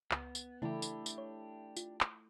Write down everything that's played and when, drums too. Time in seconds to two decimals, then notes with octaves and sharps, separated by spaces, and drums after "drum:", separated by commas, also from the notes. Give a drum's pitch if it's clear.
0.11 C#2 B3, drum: clap
0.35 drum: tambourine
0.62 C#3 E3 A3 D4 E4 G4
0.82 drum: tambourine
1.06 drum: tambourine
1.18 C#5
1.77 F4, drum: tambourine
2.01 drum: clap